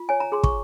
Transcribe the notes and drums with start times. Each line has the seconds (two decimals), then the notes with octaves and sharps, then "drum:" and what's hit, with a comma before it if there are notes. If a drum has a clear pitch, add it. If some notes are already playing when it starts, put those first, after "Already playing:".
Already playing: F4
0.09 C#5 G#5
0.20 A#5
0.32 G#4 C6
0.44 C#6, drum: kick